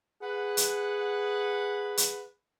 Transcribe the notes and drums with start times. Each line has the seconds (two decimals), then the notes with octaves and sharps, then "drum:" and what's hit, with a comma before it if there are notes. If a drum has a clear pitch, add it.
0.22 G#4 B4 F#5
0.57 drum: hi-hat
1.97 drum: hi-hat